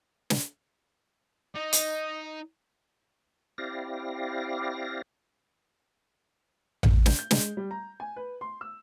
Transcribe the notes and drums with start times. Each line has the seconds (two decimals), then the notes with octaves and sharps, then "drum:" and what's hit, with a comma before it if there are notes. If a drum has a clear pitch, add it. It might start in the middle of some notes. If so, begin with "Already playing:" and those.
0.30 drum: snare
1.55 D#4 D#5
1.73 drum: hi-hat
3.58 C4 E4 G4 D5 F5 A#6
6.83 drum: tom A1
7.06 G6, drum: snare
7.19 G6
7.31 G#3, drum: snare
7.57 G3
7.71 A#5
8.00 G#5
8.16 B4
8.41 C6
8.61 E6